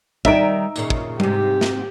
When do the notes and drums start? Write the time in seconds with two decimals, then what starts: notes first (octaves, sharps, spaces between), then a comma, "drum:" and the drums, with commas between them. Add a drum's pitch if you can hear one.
0.25 D#3 G3 D#4 E5 A#5 D7, drum: kick
0.76 D#2 A#2 C#3, drum: tambourine
0.90 drum: kick
1.20 G#2 C3 G4, drum: tom
1.61 drum: snare